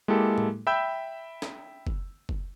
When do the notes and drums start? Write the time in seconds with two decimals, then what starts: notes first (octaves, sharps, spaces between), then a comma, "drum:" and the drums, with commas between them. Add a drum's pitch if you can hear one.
0.08 G#3 A#3 E4 G4 A4
0.38 drum: tom A2
0.67 E5 G5 B5 E6 G6
1.42 drum: snare
1.87 drum: kick
2.29 drum: kick